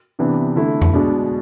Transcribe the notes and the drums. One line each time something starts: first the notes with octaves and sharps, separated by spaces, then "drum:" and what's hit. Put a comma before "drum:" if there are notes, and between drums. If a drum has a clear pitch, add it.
C3 E3 B3 D4
D3 A3 E4
drum: tom F2
B2 G#3 D4